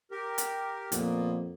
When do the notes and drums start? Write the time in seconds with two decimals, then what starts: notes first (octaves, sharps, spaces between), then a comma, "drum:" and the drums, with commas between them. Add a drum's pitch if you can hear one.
0.11 G4 A#4
0.38 drum: hi-hat
0.92 F2 A#2 A#3 B3, drum: hi-hat